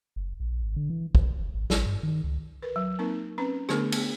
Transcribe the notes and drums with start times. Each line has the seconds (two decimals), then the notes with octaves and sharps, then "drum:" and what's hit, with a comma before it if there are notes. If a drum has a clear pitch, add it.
0.16 F#1
0.40 A#1
0.62 G#1
0.76 D3
0.90 E3
1.15 A#1, drum: kick
1.39 F#1
1.54 G#1
1.70 A1, drum: snare
1.86 G2
2.03 D#3
2.24 C#2
2.62 A#4 B4
2.76 F#3
2.99 A#3 C4 D#4 A#4
3.38 C4 C#4 B4 A#5
3.69 D3 A3 B3 D4 G#4 A#4, drum: rim click
3.92 B3 G#4, drum: cymbal